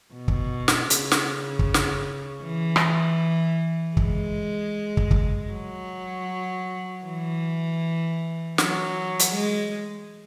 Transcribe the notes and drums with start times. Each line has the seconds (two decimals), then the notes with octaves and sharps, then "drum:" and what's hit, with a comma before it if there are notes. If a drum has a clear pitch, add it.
0.14 B2
0.28 drum: kick
0.68 drum: snare
0.90 C#3, drum: hi-hat
1.11 drum: snare
1.59 drum: kick
1.74 drum: snare
2.44 E3
2.76 drum: rim click
3.97 G#3, drum: kick
4.97 drum: kick
5.11 drum: kick
5.51 F#3
7.05 E3
8.58 F#3, drum: snare
9.20 drum: hi-hat
9.34 G#3